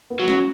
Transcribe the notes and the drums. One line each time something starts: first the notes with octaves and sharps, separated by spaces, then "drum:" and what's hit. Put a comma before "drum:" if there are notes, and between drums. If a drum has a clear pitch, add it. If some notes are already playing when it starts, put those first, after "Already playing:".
B3
F#3
C#4, drum: snare